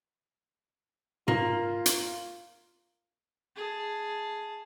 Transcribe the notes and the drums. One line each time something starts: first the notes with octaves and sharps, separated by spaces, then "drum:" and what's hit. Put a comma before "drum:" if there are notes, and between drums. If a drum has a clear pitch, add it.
A#3 F4, drum: tom G#2
drum: hi-hat
G#4 A5